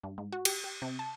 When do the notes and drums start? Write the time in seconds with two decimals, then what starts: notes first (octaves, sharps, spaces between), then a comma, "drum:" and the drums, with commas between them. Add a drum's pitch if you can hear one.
0.03 G2
0.18 G#2
0.32 F#4
0.45 G4, drum: cymbal
0.64 G4
0.82 C3
0.99 A5